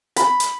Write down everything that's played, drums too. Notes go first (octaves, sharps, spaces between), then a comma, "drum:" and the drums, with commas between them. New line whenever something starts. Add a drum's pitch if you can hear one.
B5, drum: hi-hat
drum: hi-hat